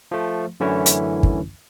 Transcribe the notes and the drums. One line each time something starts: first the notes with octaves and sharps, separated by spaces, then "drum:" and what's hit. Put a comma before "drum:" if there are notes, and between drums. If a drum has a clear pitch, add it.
F3 A3
F#2 D3 E3 A3 C#4 E4
drum: hi-hat
drum: kick